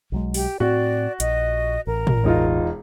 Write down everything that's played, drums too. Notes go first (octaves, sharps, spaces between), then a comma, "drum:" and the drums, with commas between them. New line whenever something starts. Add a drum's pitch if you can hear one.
B1 F#3 G#3
G4, drum: open hi-hat
A2 C4 F#4 D5
A#1 D#5, drum: hi-hat
A1 A#4
drum: tom A2
E1 D#4 F4